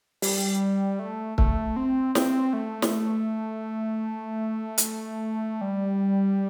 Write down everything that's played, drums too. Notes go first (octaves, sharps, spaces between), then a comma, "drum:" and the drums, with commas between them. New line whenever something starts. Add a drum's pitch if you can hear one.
G3, drum: open hi-hat
A3
A3, drum: kick
C4
C4, drum: snare
A3
drum: snare
drum: hi-hat
G3